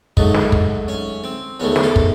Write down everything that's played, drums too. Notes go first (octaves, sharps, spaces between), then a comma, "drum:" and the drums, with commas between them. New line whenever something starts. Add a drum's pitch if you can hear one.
G#2 F#3 A3 D#4, drum: kick
drum: snare
drum: kick
C#4
C4
E2 D#3 A3 C#4
C5, drum: snare
A4
drum: kick